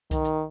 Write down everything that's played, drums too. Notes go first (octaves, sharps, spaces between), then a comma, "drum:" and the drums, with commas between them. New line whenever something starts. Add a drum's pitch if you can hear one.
D#3, drum: kick C2, hi-hat
drum: hi-hat